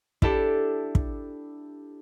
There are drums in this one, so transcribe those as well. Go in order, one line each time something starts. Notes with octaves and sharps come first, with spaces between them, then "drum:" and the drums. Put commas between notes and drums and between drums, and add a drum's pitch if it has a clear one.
D4 E4 G4 A4 D5, drum: kick
drum: kick